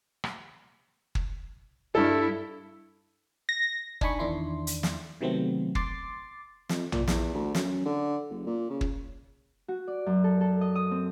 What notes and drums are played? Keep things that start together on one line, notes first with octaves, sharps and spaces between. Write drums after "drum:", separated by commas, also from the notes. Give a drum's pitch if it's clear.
drum: rim click
drum: kick
G2 E4 A4
A#6
D4 D#4 G#5 B5 C#6, drum: kick
E2 D#3 D4 E4 C6
drum: hi-hat
drum: snare
C3 D#3 F#3 A3 B3 C4
C6 D6 A6 C7, drum: kick
F2, drum: snare
A#2, drum: tom A#1
E2, drum: snare
D2
F#2, drum: snare
D3
F#1
A#2
C#3
drum: kick
F#4
D5
F#2
A4
A4
D#5
D#6
C4